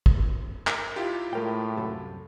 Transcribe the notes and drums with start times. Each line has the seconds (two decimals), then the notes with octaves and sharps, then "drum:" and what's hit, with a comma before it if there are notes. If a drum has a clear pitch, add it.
0.06 drum: kick
0.67 A#4, drum: clap
0.96 E4 F4 G4
1.33 A2 G#3 A#4 G5
1.77 C2 F#2 A4